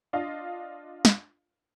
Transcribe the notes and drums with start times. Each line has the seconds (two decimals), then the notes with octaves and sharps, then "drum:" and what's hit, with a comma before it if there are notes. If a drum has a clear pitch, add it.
0.13 D4 F4 D#5 F5
1.05 drum: snare